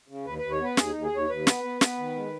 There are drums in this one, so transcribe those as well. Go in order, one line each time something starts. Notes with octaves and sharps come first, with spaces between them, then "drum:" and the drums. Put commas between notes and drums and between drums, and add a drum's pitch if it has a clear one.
C#3
D#2 B4
D#2 B4
C#5
B3 B4
D#2 G#4, drum: snare
D#2 D#4
G#4
D#2 C#5
D#2 B4
B3, drum: snare
B3
B3, drum: snare
D#3
G#3